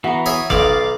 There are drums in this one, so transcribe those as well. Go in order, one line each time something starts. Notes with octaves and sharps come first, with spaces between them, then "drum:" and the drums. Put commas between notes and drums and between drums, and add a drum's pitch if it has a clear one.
E3 B3 F#4 A#5
G#4 C#5 E5
B1 D#3 D5 F5, drum: kick